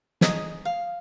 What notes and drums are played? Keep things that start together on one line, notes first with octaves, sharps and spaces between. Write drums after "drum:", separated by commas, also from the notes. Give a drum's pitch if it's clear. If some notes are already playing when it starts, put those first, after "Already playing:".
G#4 D#5 A#5, drum: snare
F5